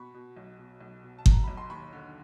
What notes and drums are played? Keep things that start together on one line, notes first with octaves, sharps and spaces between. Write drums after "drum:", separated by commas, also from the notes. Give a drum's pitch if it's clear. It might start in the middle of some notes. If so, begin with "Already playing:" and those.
Already playing: B2 B5 C#6
B2
B1
B2
B1
B2
A5
B2, drum: kick G1
A#5
B1 B5
C6
D#2 B5 C#6
D3